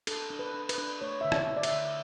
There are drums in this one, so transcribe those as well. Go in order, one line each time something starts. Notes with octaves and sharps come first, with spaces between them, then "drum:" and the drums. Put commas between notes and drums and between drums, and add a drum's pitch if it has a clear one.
D4 A4, drum: cymbal
D4
B4
D4
B4, drum: cymbal
D4
A3 C#5
D3 E5
D5, drum: rim click
D3
D5
E5, drum: cymbal
D3